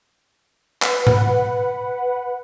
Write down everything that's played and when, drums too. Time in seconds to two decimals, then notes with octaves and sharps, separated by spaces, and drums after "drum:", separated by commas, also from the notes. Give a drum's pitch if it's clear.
0.82 B4 F#5, drum: clap
1.07 drum: tom G#2